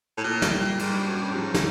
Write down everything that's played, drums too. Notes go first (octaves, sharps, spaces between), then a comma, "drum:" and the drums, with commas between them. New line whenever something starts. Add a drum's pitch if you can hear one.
A2
A#2 A#3
drum: snare
G3
G#2 G3, drum: cymbal
G2
F#2 C#4
G2
A2
G#2 F3
drum: snare